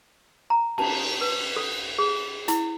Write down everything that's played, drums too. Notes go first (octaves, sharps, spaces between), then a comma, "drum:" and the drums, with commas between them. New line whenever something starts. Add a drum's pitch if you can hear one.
A#5
A5, drum: cymbal
B4
A4
G#4
E4, drum: hi-hat